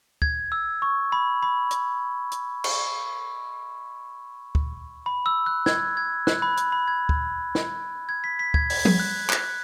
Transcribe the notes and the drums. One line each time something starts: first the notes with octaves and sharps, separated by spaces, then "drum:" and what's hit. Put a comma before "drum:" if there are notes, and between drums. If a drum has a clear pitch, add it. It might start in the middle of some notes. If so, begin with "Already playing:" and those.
G#6, drum: kick
E6
C#6
B5
B5
drum: hi-hat
drum: hi-hat
C#6, drum: cymbal
drum: kick
B5
E6
F#6
G#6, drum: snare
G#6
F#6, drum: snare
B5
B5, drum: hi-hat
B5
G#6
drum: kick
drum: snare
G#6
B6
B6
G#6, drum: kick
G#6, drum: open hi-hat
drum: tom F3
F#6
F#6, drum: clap